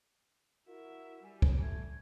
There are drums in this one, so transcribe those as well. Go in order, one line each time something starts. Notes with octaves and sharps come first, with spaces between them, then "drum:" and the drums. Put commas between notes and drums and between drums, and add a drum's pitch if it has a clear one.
E4 F#4 A#4 E5
G3 G#5
drum: kick
A3 G#6